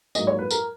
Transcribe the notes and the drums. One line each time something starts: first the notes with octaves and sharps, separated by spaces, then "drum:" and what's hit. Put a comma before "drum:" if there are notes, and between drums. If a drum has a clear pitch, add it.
G#2 F#3 A#3 D#5, drum: tambourine
C#5
B4
A#4, drum: tambourine